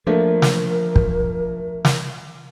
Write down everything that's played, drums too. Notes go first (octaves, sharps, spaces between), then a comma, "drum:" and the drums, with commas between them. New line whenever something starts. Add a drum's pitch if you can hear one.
F3 A3 A#3 D4 A#4
drum: snare
drum: kick
drum: snare